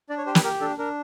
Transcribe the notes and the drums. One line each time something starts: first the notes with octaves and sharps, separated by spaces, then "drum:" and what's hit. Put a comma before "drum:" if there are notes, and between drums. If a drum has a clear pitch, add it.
D4 D5
C#5
G4 C5
B4, drum: snare
G4 A#4
D4 A4
D4 A#4